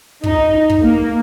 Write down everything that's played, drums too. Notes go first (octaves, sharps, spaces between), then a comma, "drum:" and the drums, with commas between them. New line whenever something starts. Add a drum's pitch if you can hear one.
D#4, drum: kick
drum: kick
A#3